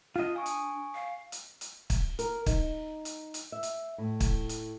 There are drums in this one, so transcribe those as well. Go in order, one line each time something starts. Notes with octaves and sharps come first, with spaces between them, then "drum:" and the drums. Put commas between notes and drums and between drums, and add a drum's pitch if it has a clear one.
D4 F4 D#5
G#5 C#6 D#6
drum: hi-hat
F5
drum: hi-hat
drum: hi-hat
drum: kick, hi-hat
A#4, drum: hi-hat
D#4, drum: kick, hi-hat
drum: hi-hat
drum: hi-hat
E5
drum: hi-hat
A2
drum: kick, hi-hat
drum: hi-hat